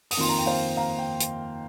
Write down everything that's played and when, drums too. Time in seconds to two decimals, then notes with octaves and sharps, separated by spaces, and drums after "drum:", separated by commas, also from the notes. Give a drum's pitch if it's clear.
0.11 D#6, drum: open hi-hat
0.17 F2 D#3 A#3 F4 C6
0.29 A#5
0.38 G5
0.46 C5 F5
0.77 F5 A#5
0.98 G5
1.20 drum: hi-hat